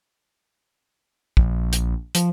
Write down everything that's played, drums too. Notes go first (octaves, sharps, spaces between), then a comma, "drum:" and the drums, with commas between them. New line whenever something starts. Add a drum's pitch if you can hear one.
A#1, drum: kick
drum: hi-hat
F3, drum: hi-hat